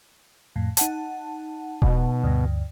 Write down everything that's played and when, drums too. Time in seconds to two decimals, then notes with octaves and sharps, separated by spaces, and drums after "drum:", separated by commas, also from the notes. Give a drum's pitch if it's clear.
0.56 F2 A2
0.77 D#4 F#5 A5, drum: hi-hat
1.82 B2, drum: kick E1
2.24 D2 G2